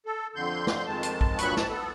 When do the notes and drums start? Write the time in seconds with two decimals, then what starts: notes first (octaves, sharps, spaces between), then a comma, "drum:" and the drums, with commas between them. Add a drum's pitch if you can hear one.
0.06 A4
0.36 F2 D3 C6 G6
0.67 drum: snare
0.87 F2 D#3 G#3 A5
1.03 drum: hi-hat
1.21 drum: kick A#1
1.39 G2 A#2 F#3 B5 C#6 F#6, drum: hi-hat
1.57 G#2 A5, drum: snare
1.70 B3 A4